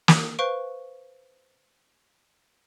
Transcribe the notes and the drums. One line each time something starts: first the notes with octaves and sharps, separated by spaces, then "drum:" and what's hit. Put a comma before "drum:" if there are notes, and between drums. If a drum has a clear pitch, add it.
drum: snare
B4 C5 F5 C#6 D7